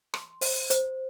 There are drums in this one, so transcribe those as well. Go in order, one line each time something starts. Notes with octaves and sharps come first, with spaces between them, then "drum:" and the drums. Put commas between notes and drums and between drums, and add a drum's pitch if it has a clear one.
C6, drum: rim click
C5, drum: open hi-hat
C5, drum: hi-hat